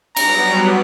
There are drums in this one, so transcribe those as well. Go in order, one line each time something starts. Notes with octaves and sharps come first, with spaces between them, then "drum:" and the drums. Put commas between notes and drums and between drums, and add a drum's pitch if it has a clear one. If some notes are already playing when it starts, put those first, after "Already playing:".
F#3 G3 B3 A#5, drum: cymbal